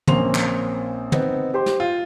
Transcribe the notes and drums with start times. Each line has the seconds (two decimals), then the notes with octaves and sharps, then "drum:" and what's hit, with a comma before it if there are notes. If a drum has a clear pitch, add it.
0.07 A#1 A#3 C4 C#4 C6 F7, drum: tom
0.35 drum: clap
1.12 B3 C4 D#4, drum: tom
1.54 G4 C5 G5 C6
1.66 drum: snare
1.80 F4